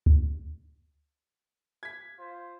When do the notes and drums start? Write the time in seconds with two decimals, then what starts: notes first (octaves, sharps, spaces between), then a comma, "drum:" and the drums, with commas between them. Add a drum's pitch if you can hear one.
0.06 drum: kick C#2
1.83 G#6 B6
2.18 F4 C5